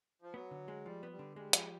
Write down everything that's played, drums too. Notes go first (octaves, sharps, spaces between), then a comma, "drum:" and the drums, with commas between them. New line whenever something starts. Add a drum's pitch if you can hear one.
F3
F#3 B3
D3
G#3
F3 G3
B3
G3
D3
G3 G#3
F3, drum: hi-hat